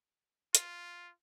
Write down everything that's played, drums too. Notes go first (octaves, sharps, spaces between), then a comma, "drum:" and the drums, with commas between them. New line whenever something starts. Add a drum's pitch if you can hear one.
F4, drum: hi-hat